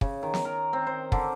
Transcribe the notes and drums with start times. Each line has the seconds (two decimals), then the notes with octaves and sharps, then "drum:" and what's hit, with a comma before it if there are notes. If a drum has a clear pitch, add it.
0.01 C#3, drum: kick
0.23 D#3
0.34 drum: snare
0.45 A#4
0.73 C4
0.87 C5
1.12 D3, drum: kick